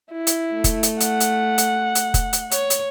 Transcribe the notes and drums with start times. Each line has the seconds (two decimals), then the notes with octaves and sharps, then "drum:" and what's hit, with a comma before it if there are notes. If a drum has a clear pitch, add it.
0.13 E4
0.27 drum: hi-hat
0.53 A3
0.64 drum: kick, hi-hat
0.83 drum: hi-hat
1.00 F#5, drum: hi-hat
1.20 drum: hi-hat
1.58 drum: hi-hat
1.95 drum: hi-hat
2.14 drum: kick, hi-hat
2.33 drum: hi-hat
2.51 C#5, drum: hi-hat
2.70 drum: hi-hat